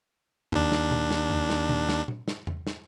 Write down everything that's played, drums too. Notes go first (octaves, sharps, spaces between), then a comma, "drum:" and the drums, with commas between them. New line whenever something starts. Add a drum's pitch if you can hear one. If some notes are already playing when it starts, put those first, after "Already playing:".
D#2 D4, drum: tom E2
drum: snare
drum: tom A#2
drum: snare
drum: tom E2
drum: snare
drum: tom A#2
drum: snare
drum: tom A#2
drum: snare
drum: tom E2
drum: snare